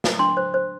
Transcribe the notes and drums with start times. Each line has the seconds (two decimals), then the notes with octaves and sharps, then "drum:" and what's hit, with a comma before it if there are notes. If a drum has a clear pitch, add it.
0.04 drum: snare
0.19 D4 C6
0.37 C5
0.54 C5